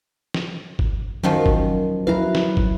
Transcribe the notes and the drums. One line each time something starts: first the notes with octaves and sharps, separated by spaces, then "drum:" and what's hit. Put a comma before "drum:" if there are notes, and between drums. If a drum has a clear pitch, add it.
drum: snare
drum: kick
F#2 D#3 F3 F#3
drum: kick
F#3 E4 B4 F5 A#5
drum: snare
drum: kick